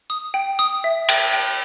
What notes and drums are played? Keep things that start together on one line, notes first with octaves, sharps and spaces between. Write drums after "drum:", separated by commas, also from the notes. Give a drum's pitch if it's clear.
D#6
G5
D#6
E5
G5, drum: cymbal
G5